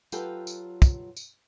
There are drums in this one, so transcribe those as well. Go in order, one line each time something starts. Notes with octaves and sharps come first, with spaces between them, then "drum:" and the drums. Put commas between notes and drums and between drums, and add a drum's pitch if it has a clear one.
F#3 F4 G4 A4 B4 G5, drum: tambourine
drum: tambourine
drum: kick, tambourine
drum: tambourine